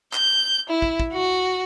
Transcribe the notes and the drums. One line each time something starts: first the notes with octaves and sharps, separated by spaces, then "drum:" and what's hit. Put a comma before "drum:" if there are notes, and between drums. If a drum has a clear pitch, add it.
G6, drum: clap
E4
drum: kick
drum: kick
F#4